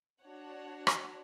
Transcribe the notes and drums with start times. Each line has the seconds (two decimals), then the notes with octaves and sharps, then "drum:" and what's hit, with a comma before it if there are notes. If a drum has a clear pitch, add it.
0.23 D4 F#4 C#5 F#5
0.87 drum: rim click